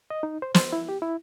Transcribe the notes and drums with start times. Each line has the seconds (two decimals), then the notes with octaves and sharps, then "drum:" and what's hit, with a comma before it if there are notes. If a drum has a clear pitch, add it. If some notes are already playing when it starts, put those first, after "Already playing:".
0.10 D#5
0.23 D#4
0.42 C5
0.54 C5, drum: snare
0.73 E4
0.89 G4
1.02 E4